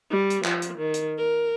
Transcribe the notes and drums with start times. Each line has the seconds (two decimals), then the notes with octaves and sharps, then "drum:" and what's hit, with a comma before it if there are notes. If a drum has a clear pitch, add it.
0.10 G3
0.30 drum: hi-hat
0.44 F3, drum: clap
0.62 drum: hi-hat
0.78 D#3
0.94 drum: hi-hat
1.18 A#4